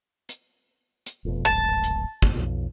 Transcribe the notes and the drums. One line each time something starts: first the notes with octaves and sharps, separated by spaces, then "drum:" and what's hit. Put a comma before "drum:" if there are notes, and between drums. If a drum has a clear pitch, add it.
drum: hi-hat
drum: hi-hat
F1 F2 B2
D1 G#1 A5
drum: hi-hat
drum: kick
B1 F2